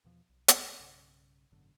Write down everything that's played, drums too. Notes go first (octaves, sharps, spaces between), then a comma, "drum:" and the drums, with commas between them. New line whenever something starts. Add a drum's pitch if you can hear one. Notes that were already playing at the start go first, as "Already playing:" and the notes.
E2 B2 F3
B1
drum: hi-hat
B1 G2 C#3
G#1 F#2 B2 D3